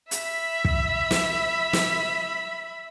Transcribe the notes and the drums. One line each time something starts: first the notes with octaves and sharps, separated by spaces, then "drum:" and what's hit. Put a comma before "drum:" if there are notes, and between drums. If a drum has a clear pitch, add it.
E5 B5, drum: hi-hat
drum: kick
drum: snare
drum: snare